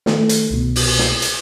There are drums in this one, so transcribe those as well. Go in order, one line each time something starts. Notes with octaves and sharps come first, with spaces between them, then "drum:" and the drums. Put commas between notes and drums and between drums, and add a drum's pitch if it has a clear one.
D#3 A3, drum: snare
drum: hi-hat
C2 B2
drum: open hi-hat
drum: snare
drum: hi-hat